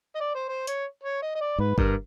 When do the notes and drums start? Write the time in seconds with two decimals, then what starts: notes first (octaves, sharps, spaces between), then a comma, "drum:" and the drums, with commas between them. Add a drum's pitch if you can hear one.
0.15 D#5
0.21 D5
0.35 C5
0.49 C5
0.67 C#5, drum: hi-hat
1.04 C#5
1.22 D#5
1.35 D#5
1.41 D5
1.59 G#2 B4
1.78 G2 A#4, drum: kick